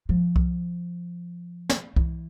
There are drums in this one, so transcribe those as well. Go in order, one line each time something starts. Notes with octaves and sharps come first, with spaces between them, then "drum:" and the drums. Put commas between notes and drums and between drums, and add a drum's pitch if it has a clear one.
F3
drum: kick C2
drum: snare
E3, drum: kick C2